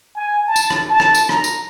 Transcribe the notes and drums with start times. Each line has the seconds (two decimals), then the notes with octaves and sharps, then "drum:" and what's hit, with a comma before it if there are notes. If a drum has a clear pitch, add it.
0.15 G#5
0.47 A5
0.56 drum: tambourine
0.70 drum: rim click
0.90 A5
1.00 drum: rim click
1.15 drum: tambourine
1.29 A#5, drum: rim click
1.44 drum: tambourine